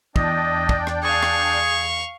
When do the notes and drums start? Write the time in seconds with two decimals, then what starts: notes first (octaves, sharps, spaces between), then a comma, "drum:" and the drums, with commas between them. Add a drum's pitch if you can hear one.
0.16 E2 D4 D5 D#5 G5, drum: kick
0.69 drum: kick
0.87 drum: rim click
1.03 G#4 F5 C#6
1.23 drum: rim click